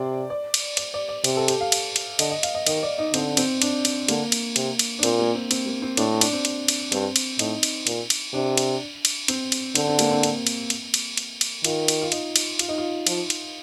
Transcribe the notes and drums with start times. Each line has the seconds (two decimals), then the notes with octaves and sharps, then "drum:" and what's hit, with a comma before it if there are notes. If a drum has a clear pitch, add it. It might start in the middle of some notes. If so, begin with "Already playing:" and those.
Already playing: C3 C5 D5
0.30 D5
0.54 drum: cymbal
0.77 D5, drum: cymbal
0.94 D5
1.09 D5
1.24 C3, drum: cymbal
1.37 A4
1.48 G4, drum: cymbal
1.61 F5
1.72 drum: cymbal
1.96 drum: cymbal
2.19 D3 D#5, drum: cymbal
2.31 D#5
2.43 F5, drum: cymbal
2.55 D#5
2.66 D#3 D#5, drum: cymbal
2.83 D5
2.98 D#4
3.14 D3 C4, drum: cymbal
3.37 C4, drum: cymbal
3.62 D4, drum: cymbal
3.85 drum: cymbal
4.08 D3 A#3, drum: cymbal
4.32 drum: cymbal
4.56 C3, drum: cymbal
4.79 drum: cymbal
4.99 D4
5.03 A#2 C4, drum: cymbal
5.19 A#3
5.35 C4
5.51 C4, drum: cymbal
5.66 A#3
5.82 C4
5.97 A2 D4, drum: cymbal
6.21 D4, drum: cymbal
6.33 C4
6.45 drum: cymbal
6.68 drum: cymbal
6.92 G2 C4, drum: cymbal
7.16 drum: cymbal
7.39 A2 D#4, drum: cymbal
7.63 drum: cymbal
7.87 A#2, drum: cymbal
8.10 drum: cymbal
8.34 C3 D4
8.57 drum: cymbal
9.05 drum: cymbal
9.28 C4, drum: cymbal
9.52 drum: cymbal
9.75 D3 C4, drum: cymbal
9.88 C4
9.99 A#3, drum: cymbal
10.11 C4
10.23 C4, drum: cymbal
10.47 drum: cymbal
10.70 drum: cymbal
10.94 drum: cymbal
11.17 drum: cymbal
11.41 drum: cymbal
11.64 D#3 F4, drum: cymbal
11.88 drum: cymbal
12.02 F4
12.12 D#4, drum: cymbal
12.36 drum: cymbal
12.59 F4, drum: cymbal
12.68 D#4
12.78 F4
13.07 F3, drum: cymbal
13.30 drum: cymbal